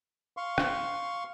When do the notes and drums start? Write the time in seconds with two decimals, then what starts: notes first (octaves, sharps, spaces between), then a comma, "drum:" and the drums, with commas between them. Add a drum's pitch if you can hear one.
0.37 F5 C6 C#6
0.58 drum: rim click